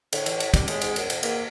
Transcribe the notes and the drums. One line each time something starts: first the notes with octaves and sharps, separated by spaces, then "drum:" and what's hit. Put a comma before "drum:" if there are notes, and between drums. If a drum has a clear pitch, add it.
A2 D3, drum: cymbal
E3, drum: cymbal
drum: cymbal
G3, drum: kick, cymbal
A2 G#3, drum: cymbal
G#2, drum: cymbal
F#2, drum: cymbal
F2, drum: cymbal
E2 A#3, drum: cymbal